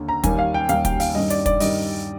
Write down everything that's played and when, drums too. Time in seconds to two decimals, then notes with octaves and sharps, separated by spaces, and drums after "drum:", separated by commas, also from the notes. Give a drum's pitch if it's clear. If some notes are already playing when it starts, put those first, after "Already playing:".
Already playing: D#2 D3
0.09 A#5
0.24 D#2 D#3 G3 A#3 G#5, drum: kick, hi-hat
0.39 F5
0.54 G5
0.69 D#2 D#3 G3 A#3 F5, drum: hi-hat
0.85 G5, drum: kick, hi-hat
1.00 F5, drum: open hi-hat
1.15 G2 D#3 G3 D#5
1.30 D5, drum: hi-hat
1.46 D5, drum: kick, hi-hat
1.60 G2 D#3 G3 D#5, drum: open hi-hat